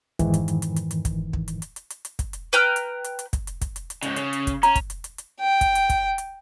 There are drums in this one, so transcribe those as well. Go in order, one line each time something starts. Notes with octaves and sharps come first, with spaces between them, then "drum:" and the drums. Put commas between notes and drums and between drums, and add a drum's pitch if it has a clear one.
F2 G#2 D#3 E3, drum: kick, hi-hat
drum: hi-hat
drum: hi-hat
drum: hi-hat
drum: hi-hat
drum: hi-hat
drum: kick, hi-hat
drum: kick
drum: hi-hat
drum: hi-hat
drum: hi-hat
drum: hi-hat
drum: hi-hat
drum: kick, hi-hat
drum: hi-hat
B4 G5 A#5 F6
drum: hi-hat
drum: hi-hat
drum: hi-hat
drum: kick, hi-hat
drum: hi-hat
drum: kick, hi-hat
drum: hi-hat
drum: hi-hat
G#2 C#3, drum: hi-hat
C#3, drum: hi-hat
drum: hi-hat
drum: kick, hi-hat
C#4 A#5, drum: hi-hat
drum: kick, hi-hat
drum: hi-hat
drum: hi-hat
drum: hi-hat
G5
drum: kick, hi-hat
drum: hi-hat
drum: kick, hi-hat
drum: hi-hat